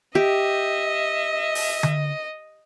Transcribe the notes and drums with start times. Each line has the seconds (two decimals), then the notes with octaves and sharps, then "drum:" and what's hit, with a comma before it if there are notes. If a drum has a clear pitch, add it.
0.15 G4 D#5 E5
1.55 drum: open hi-hat
1.83 drum: tom D3